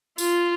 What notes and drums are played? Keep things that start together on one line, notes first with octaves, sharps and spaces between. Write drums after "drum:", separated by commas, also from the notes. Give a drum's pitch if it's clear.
F4, drum: tambourine